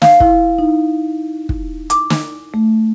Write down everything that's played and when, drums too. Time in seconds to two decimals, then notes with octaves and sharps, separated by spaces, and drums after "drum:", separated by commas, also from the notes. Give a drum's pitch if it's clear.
0.02 F5, drum: snare
0.20 E4, drum: kick
0.59 D#4
1.49 drum: kick
1.90 D6, drum: hi-hat
2.10 drum: snare
2.54 A3